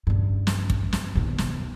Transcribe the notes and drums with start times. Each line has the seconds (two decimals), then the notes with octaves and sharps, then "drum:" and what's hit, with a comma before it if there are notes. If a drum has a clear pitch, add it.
0.07 G2 C#3
0.47 drum: snare
0.70 drum: kick
0.93 drum: snare
1.15 D#2 B2
1.38 drum: snare